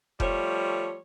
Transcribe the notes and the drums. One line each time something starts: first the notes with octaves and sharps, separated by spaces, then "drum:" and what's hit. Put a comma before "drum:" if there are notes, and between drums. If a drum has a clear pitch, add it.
F3 G3 A3 C#5, drum: kick F1